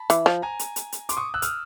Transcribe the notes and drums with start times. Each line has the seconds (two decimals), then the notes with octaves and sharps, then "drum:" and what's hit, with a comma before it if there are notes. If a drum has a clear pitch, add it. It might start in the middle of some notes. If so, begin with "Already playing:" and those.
Already playing: A5 B5
0.10 E3, drum: hi-hat
0.26 F3, drum: rim click
0.42 G#5 A#5
0.59 drum: hi-hat
0.76 drum: hi-hat
0.92 drum: hi-hat
1.09 C6 D6, drum: hi-hat
1.17 C#6 D#6
1.34 E6 F#6
1.42 D#6 F6, drum: hi-hat